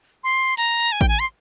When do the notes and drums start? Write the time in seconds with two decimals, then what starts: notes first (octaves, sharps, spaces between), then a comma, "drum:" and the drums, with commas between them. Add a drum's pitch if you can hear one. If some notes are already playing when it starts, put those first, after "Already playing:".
0.24 C6
0.57 A#5, drum: open hi-hat
0.80 drum: hi-hat
0.92 G#5
1.01 G5, drum: kick A1, hi-hat
1.09 G#5
1.19 C6